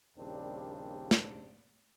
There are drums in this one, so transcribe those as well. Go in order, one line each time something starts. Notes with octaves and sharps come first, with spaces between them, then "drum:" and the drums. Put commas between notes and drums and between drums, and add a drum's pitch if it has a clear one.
A#1 D#2 C#3 G3 C4 D4
drum: snare